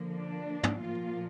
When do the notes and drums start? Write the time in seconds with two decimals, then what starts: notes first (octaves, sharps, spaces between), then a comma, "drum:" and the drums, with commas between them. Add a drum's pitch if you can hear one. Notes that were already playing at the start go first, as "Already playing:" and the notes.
Already playing: D3 F3 A#3
0.16 D4
0.63 drum: tom
0.79 A#2 F3 A#3 F4